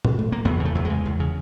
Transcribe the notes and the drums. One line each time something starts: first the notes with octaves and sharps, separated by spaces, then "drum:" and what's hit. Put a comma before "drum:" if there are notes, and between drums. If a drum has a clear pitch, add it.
drum: tom A2
A3
A#3
E2 B3
C#3
A3
E2
G#3
C#3
E2
C#3